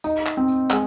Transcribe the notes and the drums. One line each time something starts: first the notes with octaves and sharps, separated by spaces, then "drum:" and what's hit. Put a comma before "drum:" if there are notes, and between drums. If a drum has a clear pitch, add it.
D#4, drum: tambourine
drum: clap
C4
drum: tambourine
G#3, drum: clap